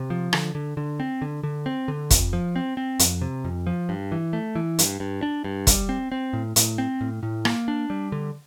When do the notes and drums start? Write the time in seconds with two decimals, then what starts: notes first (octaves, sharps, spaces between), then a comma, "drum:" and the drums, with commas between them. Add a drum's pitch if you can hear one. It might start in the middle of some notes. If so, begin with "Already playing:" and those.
Already playing: C3
0.10 F3
0.33 D3, drum: rim click
0.55 D3
0.77 D3
1.00 C4
1.22 D3
1.43 D3
1.66 C4
1.88 D3
2.10 F2, drum: kick, hi-hat
2.33 F3
2.56 C4
2.77 C4
2.99 F2, drum: hi-hat
3.21 C3
3.44 F2
3.67 F3
3.89 G2
4.12 E3
4.33 A3
4.55 E3
4.79 G2, drum: hi-hat
5.00 G2
5.23 D4
5.44 G2
5.67 G3, drum: kick, hi-hat
5.89 C4
6.12 C4
6.33 A2
6.56 A2, drum: hi-hat
6.78 C4
7.01 A2
7.23 A2
7.45 A#3, drum: rim click
7.68 D4
7.90 G3
8.12 D3